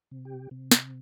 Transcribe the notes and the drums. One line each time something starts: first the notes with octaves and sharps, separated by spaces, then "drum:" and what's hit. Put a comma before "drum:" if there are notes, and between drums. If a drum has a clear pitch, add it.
C3
G4
C3
drum: snare